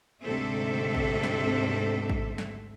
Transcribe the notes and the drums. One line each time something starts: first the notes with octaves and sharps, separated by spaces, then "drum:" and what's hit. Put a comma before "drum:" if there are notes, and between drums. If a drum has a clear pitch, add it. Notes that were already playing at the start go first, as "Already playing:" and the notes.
D2 G#2 C3 C4 A4 E5
drum: kick
drum: snare
drum: kick
drum: snare